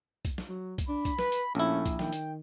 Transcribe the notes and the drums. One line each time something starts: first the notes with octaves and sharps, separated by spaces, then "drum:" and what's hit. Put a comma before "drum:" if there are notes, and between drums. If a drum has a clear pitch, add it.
drum: kick, hi-hat
drum: snare
F#3
drum: kick, hi-hat
D4 B5
drum: kick, hi-hat
B4, drum: snare
drum: hi-hat
A#1 A3 C#4 E4
drum: kick, hi-hat
D#3 G5, drum: snare
drum: hi-hat